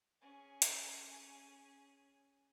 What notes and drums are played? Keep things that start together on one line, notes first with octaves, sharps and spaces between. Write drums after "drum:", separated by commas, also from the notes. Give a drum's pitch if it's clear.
C#4 G#4
drum: hi-hat